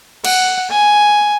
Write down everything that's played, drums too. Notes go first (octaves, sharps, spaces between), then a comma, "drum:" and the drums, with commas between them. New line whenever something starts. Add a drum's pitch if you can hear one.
F#5, drum: cymbal
G#5